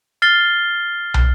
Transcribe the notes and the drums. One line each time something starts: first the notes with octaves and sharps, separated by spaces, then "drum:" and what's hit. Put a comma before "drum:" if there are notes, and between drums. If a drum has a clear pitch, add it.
F6 A6 C7 G7
drum: tom